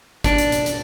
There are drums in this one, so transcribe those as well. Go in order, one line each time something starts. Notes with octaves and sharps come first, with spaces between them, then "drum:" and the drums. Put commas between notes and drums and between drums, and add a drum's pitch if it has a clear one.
D4, drum: kick, hi-hat
drum: hi-hat
drum: hi-hat
drum: hi-hat